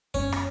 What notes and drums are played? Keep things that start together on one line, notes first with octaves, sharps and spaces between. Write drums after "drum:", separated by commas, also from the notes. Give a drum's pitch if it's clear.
C#4, drum: kick F#2
drum: rim click